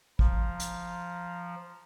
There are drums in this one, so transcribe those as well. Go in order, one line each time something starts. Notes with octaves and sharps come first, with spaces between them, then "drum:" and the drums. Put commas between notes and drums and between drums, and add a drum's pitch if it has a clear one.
F3 A#5, drum: kick
drum: hi-hat